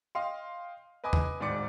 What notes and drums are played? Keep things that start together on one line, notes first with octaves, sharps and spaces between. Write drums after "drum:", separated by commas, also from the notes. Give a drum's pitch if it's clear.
D#5 F5 G5 C6
B4 D#5 G#5 D6 D#6
drum: tom E2
D1 G#2 D#3 D5 D6 C#7